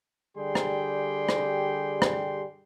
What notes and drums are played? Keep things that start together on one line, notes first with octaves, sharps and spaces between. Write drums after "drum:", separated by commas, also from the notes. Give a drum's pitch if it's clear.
D3 G3 G4 G#4 G5 C6
drum: rim click
drum: rim click
drum: rim click